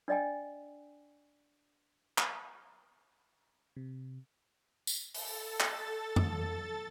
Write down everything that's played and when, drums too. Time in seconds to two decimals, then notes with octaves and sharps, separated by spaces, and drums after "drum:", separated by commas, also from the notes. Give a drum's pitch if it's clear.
0.08 D4 D5 D#5 G5 G#5
2.18 drum: clap
3.76 C3
4.87 drum: tambourine
5.14 A4 A6, drum: open hi-hat
5.60 drum: clap
6.16 drum: tom F2